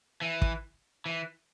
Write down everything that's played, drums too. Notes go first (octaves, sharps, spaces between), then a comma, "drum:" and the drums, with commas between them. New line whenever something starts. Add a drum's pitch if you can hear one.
E3
drum: kick
E3